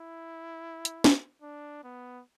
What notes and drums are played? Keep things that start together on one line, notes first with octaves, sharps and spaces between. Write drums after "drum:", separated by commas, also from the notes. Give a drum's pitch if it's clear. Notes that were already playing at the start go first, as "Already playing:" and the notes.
Already playing: E4
drum: hi-hat
drum: snare
D4
B3